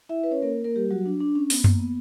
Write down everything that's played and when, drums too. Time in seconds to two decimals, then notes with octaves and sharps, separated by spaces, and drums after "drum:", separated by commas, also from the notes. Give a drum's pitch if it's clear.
0.09 E4 E5
0.24 B4
0.31 C#4 C#5
0.42 A#3 A#4
0.64 A#3 A#4
0.76 G3 G4
0.91 F#3 F#4
1.05 D4
1.21 D4
1.35 C#4
1.50 B3, drum: open hi-hat
1.64 A#3, drum: tom F#2
1.79 B3